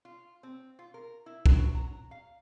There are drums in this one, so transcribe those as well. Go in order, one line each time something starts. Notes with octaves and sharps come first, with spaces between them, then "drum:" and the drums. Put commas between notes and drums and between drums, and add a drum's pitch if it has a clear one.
F4
C4
F4
A#4
E4
F#4, drum: kick
A#5
F5